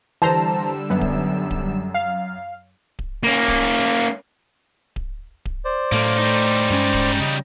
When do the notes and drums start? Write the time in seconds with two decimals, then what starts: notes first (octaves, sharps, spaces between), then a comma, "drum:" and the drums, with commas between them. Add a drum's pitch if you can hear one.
0.22 D3 E3 G3 C5 A5 A#5 E6
0.90 F#2 B3
1.01 drum: kick D1
1.51 drum: kick D1
1.94 F5
2.99 drum: kick D1
3.23 A#3 C#4
3.48 drum: kick D1
4.96 drum: kick D1
5.45 drum: kick D1
5.65 C5 D5
5.92 F#2 A2 A3 A#3
6.17 G3 D#4
6.70 G2 G#3 C#4
6.94 drum: kick D1
7.20 C#3 D#5